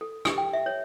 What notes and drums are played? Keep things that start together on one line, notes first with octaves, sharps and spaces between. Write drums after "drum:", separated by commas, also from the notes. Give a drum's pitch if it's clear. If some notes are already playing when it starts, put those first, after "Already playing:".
A4
G4, drum: rim click
G5
E5
C#5